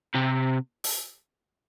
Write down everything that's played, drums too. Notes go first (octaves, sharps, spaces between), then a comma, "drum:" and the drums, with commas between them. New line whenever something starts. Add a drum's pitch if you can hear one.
C3
drum: open hi-hat